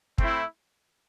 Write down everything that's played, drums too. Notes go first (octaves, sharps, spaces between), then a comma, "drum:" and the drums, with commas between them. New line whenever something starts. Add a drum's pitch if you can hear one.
A3 C4 E4, drum: kick